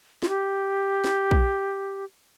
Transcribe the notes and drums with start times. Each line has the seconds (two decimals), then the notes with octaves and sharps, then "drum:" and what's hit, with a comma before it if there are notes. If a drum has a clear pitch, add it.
0.23 F4, drum: snare
0.29 G4
1.04 drum: snare
1.31 drum: kick A#1